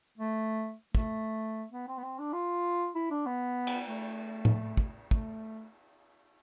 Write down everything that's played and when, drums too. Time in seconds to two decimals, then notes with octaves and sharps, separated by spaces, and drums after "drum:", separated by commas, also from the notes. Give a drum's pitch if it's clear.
0.18 A3
0.95 A3, drum: kick
1.73 B3
1.88 C4
1.98 B3
2.04 C4
2.19 D4
2.33 F4
2.95 E4
3.11 D4
3.26 B3
3.67 drum: cymbal
3.88 A3
4.45 drum: tom A2
4.77 drum: kick
5.11 A3, drum: kick